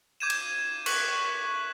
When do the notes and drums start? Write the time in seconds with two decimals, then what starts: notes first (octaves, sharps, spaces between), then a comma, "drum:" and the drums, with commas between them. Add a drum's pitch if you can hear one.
0.20 D6 G6 G#6 D#7 E7
0.30 drum: cymbal
0.86 C#6 F#6 B6 F#7, drum: cymbal